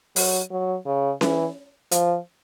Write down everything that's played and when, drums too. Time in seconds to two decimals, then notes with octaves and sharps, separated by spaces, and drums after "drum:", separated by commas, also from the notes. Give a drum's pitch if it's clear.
0.16 F#3, drum: open hi-hat
0.51 F#3
0.86 C#3
1.21 E3, drum: snare C#4
1.91 F3, drum: hi-hat